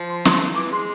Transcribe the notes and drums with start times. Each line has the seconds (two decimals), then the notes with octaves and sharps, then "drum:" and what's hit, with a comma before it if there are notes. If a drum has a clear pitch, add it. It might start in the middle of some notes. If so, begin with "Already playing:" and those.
Already playing: F3
0.09 C6
0.25 C6, drum: snare
0.56 E3 D6
0.72 G#3 C6